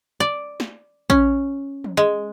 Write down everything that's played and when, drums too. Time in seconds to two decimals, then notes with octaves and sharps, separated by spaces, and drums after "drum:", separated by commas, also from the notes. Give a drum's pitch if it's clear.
0.20 D5
0.60 drum: snare
1.10 C#4, drum: kick A1
1.84 drum: tom
1.97 G#3